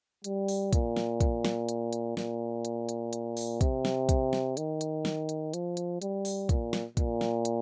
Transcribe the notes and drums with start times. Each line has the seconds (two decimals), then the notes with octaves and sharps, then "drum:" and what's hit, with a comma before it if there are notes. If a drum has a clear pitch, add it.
0.24 G3, drum: hi-hat
0.48 drum: open hi-hat
0.73 A#2, drum: kick, hi-hat
0.96 drum: snare
1.20 drum: kick, hi-hat
1.45 drum: snare
1.69 drum: hi-hat
1.93 drum: hi-hat
2.17 A#2, drum: snare
2.65 drum: hi-hat
2.89 drum: hi-hat
3.13 drum: hi-hat
3.37 drum: open hi-hat
3.61 C3, drum: kick, hi-hat
3.85 drum: snare
4.09 drum: kick, hi-hat
4.33 drum: snare
4.57 D#3, drum: hi-hat
4.81 drum: hi-hat
5.05 drum: snare
5.29 drum: hi-hat
5.54 F3, drum: hi-hat
5.77 drum: hi-hat
6.02 G3, drum: hi-hat
6.25 drum: open hi-hat
6.49 A#2, drum: kick, hi-hat
6.73 drum: snare
6.97 A#2, drum: kick, hi-hat
7.21 drum: snare
7.45 drum: hi-hat